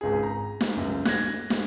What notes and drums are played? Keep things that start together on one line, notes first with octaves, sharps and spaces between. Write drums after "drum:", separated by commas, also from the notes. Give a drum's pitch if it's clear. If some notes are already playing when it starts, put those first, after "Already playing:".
G#1 C#2 G#4
A#5
drum: snare
C#2 F#2
F#6 G#6 A#6, drum: snare
drum: snare